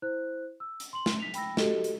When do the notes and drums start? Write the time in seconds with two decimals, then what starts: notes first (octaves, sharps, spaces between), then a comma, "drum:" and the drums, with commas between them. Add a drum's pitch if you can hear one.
0.02 E4 C5 F#6
0.60 E6
0.80 drum: hi-hat
0.93 C6 F#7
1.06 drum: snare
1.20 B6 F7
1.34 G5 B5 E6 A#6, drum: hi-hat
1.57 F#4 G4 A4 D#5, drum: snare
1.84 drum: hi-hat